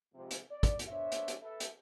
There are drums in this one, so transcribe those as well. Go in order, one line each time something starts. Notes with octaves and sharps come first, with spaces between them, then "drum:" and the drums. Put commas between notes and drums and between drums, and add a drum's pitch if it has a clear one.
F2 G#2 C3
drum: hi-hat
D5
drum: kick, hi-hat
drum: hi-hat
B3 D4 C5 C#5 E5
drum: hi-hat
drum: hi-hat
A4 B4 E5
drum: hi-hat